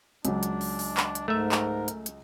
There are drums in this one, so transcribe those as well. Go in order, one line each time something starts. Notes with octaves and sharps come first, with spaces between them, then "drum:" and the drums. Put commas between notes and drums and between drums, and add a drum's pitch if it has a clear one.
C#2 F#3 D4, drum: hi-hat
drum: hi-hat
drum: open hi-hat
drum: open hi-hat
drum: clap
drum: hi-hat
G#2 A3 A#4 E5
drum: clap
drum: hi-hat
drum: hi-hat